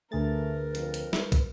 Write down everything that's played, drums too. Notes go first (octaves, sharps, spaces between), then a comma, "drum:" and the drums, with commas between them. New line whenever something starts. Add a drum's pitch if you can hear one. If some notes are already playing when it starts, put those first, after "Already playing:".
D2 A3 G#4 A#4 B4 A6
F2, drum: hi-hat
drum: hi-hat
drum: snare
drum: kick, hi-hat